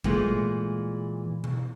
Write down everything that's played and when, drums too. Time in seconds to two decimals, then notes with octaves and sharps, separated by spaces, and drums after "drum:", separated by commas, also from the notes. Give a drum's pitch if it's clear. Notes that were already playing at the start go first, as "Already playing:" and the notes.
0.04 A#2 E3 G#3 A3, drum: kick
1.44 drum: tom B2